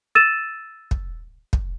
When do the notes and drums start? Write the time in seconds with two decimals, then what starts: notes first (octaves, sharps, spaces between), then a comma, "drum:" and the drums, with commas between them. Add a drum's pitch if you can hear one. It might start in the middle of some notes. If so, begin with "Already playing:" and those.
0.15 E6 A6 D#7 E7
0.91 drum: kick
1.53 drum: kick